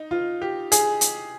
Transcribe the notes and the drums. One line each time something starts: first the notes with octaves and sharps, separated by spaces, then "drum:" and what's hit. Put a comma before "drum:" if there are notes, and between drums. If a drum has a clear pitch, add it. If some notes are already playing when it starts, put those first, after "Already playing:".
Already playing: D#4
F4
G4
G#4, drum: hi-hat
drum: hi-hat